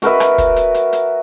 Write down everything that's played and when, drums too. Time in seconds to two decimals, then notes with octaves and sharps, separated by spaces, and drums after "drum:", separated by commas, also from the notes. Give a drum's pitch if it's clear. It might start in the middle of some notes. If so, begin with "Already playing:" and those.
0.02 F#4 A#4 B4 E5, drum: hi-hat
0.20 drum: rim click
0.38 drum: kick, hi-hat
0.56 drum: hi-hat
0.74 drum: hi-hat
0.93 drum: hi-hat